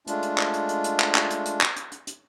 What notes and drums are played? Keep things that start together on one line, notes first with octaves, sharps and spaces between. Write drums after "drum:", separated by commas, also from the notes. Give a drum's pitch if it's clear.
G#3 A3 D4 F4, drum: hi-hat
drum: hi-hat
drum: clap
drum: hi-hat
drum: hi-hat
drum: hi-hat
drum: clap
drum: clap
drum: hi-hat
drum: hi-hat
drum: clap
drum: hi-hat
drum: hi-hat
drum: hi-hat